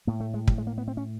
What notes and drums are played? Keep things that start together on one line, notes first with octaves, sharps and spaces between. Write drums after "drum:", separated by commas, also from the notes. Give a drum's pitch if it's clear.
A2 A#3
A3
G#3
G3, drum: kick
G#3
A#3
B3
C4
C#4